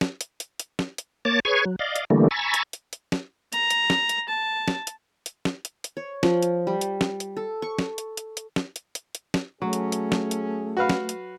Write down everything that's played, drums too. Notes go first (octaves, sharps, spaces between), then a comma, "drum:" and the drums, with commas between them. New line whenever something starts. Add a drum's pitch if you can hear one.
drum: snare
drum: hi-hat
drum: hi-hat
drum: hi-hat
drum: snare
drum: hi-hat
A#3 C#5 A5 D6 A6
G#4 B4 C#5 C#6 G#6
F#3
D5 D#5 F5
drum: hi-hat
D3 E3 G3 A3 A#3
G#5 A#5 B5 C#6 E6 A6
drum: hi-hat
drum: hi-hat
drum: hi-hat
drum: snare
A#5, drum: hi-hat
drum: hi-hat
drum: snare
drum: hi-hat
A5
drum: snare
drum: hi-hat
drum: hi-hat
drum: snare
drum: hi-hat
drum: hi-hat
C#5
F3, drum: snare
drum: hi-hat
G3
drum: hi-hat
drum: snare
drum: hi-hat
A4
C#6
drum: snare
drum: hi-hat
drum: hi-hat
drum: hi-hat
drum: snare
drum: hi-hat
drum: hi-hat
drum: hi-hat
drum: snare
F#3 A3 C#4 G#4
drum: hi-hat
drum: hi-hat
drum: snare
drum: hi-hat
F#4 B4 F5
drum: snare
drum: hi-hat